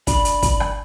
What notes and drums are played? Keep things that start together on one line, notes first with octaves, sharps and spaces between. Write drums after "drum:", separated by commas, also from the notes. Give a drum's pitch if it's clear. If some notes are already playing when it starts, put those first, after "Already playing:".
D4 B5, drum: kick, hi-hat
drum: hi-hat
drum: kick, hi-hat
drum: rim click